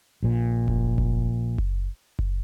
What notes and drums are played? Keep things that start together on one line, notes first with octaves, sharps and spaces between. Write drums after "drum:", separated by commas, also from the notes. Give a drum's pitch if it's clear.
A#1 A#2
drum: kick F#1
drum: kick F#1
drum: kick F#1
drum: kick F#1